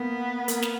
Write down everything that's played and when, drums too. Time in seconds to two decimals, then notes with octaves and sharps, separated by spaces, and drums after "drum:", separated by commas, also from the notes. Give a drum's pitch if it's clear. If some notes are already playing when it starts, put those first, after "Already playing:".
Already playing: A#3 B3 A#4
0.48 A#3 A#4, drum: hi-hat
0.63 drum: snare